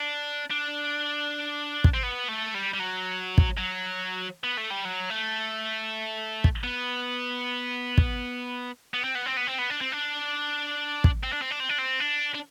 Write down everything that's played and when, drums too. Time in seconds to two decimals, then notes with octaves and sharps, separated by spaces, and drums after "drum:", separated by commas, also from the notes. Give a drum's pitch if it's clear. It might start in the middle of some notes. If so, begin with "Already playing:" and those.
Already playing: D4
0.50 D4
1.84 drum: kick
1.94 C4
2.03 B3
2.29 A3
2.55 G3
2.74 G3
2.80 F#3
3.38 drum: kick
3.57 F#3
4.44 B3
4.58 A3
4.71 G3
4.85 F#3
5.10 A3
6.44 drum: kick
6.64 B3
7.98 drum: kick
8.94 B3
9.04 C4
9.15 B3
9.26 C4
9.37 B3
9.47 C4
9.58 B3
9.70 D4
9.81 C4
9.92 D4
11.04 drum: kick
11.24 C4
11.33 D4
11.42 C4
11.51 D4
11.60 C4
11.69 D4
11.78 C4
12.00 D4
12.34 D4